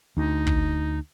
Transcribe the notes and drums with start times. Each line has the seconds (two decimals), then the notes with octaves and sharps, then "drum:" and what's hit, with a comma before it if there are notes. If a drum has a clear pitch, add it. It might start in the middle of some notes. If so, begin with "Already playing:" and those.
0.17 D2 D#4
0.47 drum: kick